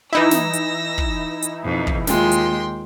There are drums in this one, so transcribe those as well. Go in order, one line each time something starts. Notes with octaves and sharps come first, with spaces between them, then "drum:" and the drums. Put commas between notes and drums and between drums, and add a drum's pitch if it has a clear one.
E3 D#4 E4 E6 A#6
drum: snare
drum: hi-hat
drum: kick
drum: hi-hat
F2 B2
drum: kick
D#2 G#3 F4 G5 C6, drum: snare
drum: hi-hat